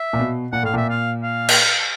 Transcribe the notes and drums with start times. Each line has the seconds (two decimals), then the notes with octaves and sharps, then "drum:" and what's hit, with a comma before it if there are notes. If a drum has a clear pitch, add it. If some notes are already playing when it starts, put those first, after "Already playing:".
Already playing: E5
0.13 A#2
0.19 B2
0.52 A#2 F#5
0.63 A2 F5
0.74 A#2 E5
0.90 F5
1.22 F5
1.49 drum: cymbal